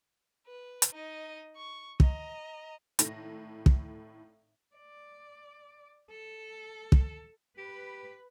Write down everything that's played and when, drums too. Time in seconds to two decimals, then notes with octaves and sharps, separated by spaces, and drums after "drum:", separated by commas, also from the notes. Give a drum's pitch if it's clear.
0.47 B4
0.82 drum: hi-hat
0.93 D#4 D#5
1.56 C#6
2.00 D#5 A#5, drum: kick
2.99 G#1 A2 A4 A#6, drum: hi-hat
3.66 drum: kick
4.76 D5
6.11 A4
6.92 drum: kick
7.58 G4 B4